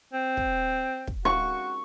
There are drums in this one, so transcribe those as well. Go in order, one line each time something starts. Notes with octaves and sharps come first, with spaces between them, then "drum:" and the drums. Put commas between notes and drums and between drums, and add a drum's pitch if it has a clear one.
C4
drum: kick
drum: kick
F#4 C#6